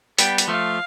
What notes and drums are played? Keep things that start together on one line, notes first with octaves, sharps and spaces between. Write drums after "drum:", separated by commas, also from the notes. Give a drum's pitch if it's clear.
G3 B3 G5, drum: hi-hat
drum: hi-hat
F3 A3 F5